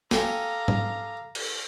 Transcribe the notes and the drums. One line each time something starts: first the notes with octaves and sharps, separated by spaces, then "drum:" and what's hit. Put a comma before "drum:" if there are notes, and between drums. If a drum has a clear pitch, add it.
G4 A4 F5 G#5 A#5, drum: snare
drum: tom G#2
drum: cymbal